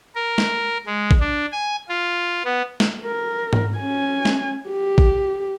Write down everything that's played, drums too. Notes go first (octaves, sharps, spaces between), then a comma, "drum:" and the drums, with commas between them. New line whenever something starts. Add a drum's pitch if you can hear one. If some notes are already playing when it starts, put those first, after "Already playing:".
A#4
drum: snare
G#3
drum: kick A1
D4
G#5
F4
B3
drum: snare
A#4
drum: tom G#2
C#4 G#5
drum: snare
G4
drum: kick A1